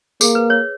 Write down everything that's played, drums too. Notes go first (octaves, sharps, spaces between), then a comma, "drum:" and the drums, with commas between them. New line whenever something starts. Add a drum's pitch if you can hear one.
A#3 G#4, drum: tambourine
B4
C#5